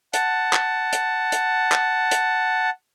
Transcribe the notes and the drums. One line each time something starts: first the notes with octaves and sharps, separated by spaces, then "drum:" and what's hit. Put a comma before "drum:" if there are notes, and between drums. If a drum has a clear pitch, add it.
F#5 A5, drum: hi-hat
drum: clap
drum: hi-hat
drum: hi-hat
drum: clap
drum: hi-hat